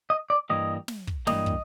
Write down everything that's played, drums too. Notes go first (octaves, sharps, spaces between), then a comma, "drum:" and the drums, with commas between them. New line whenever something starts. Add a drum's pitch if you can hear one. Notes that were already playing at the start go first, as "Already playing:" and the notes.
D#5
D5
G2 E3 G3 A#3 D#5
drum: snare
drum: kick
G2 E3 G3 A#3 D#5, drum: snare
drum: kick